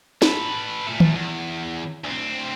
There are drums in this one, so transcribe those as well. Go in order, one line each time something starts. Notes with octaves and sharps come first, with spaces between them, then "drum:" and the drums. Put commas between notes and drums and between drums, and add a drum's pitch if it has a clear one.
A4 B4, drum: snare
A#2 A3
drum: tom
E2
D2 C4